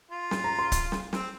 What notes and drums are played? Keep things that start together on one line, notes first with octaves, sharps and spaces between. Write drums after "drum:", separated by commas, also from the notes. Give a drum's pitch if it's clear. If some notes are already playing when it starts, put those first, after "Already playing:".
F4
C6, drum: snare
A#5
C6
drum: kick C#1, hi-hat
drum: snare
C4, drum: snare